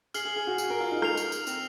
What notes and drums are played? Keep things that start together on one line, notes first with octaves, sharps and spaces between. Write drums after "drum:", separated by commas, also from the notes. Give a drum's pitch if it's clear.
G#4 F6 C7 F#7, drum: tambourine
G#4
G#4
F#4
G#4, drum: tambourine
A#4
F4
D#4
F6 C7 F7, drum: rim click
drum: tambourine
drum: tambourine
C4, drum: tambourine